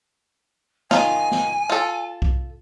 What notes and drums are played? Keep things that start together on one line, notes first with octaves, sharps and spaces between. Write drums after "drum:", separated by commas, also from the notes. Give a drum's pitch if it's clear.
D#3 F4 G#5, drum: snare
drum: snare
F4 A4
drum: kick B1